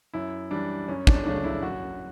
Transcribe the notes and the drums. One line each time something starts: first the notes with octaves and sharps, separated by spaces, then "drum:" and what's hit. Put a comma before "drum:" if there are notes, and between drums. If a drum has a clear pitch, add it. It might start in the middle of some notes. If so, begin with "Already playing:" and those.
F#2 E4
E3 G3 D4
F#2 C#4
D4, drum: kick
C#3 F#3 A3 C#4 D4
E4
F#2 F#4